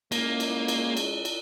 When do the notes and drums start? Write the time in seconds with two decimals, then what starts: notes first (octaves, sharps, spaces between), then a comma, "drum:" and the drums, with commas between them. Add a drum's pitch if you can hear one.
0.12 G#3 A#3 C#4 E4, drum: cymbal
0.40 drum: cymbal
0.68 drum: cymbal
0.97 drum: cymbal
1.25 drum: cymbal